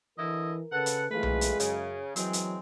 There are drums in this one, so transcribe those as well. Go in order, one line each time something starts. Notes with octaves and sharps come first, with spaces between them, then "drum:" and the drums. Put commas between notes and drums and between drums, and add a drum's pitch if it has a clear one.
D3 E3 E4 A#4 D#5
C#3 A4 B4 F#5
drum: hi-hat
C3 E3 F#3 G#3 A3 F4 B4
drum: tom B1
drum: hi-hat
F#2 C#3, drum: hi-hat
E3 F#3 G#3 C4, drum: hi-hat
drum: hi-hat